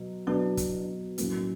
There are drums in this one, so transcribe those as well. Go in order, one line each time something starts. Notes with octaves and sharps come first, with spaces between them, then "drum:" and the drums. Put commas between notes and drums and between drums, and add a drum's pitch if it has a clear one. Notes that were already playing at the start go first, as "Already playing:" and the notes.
Already playing: B2 F#3
B2 F#3 B3 D4
drum: kick, hi-hat
B1 A2 F#3 A#3 C#4, drum: hi-hat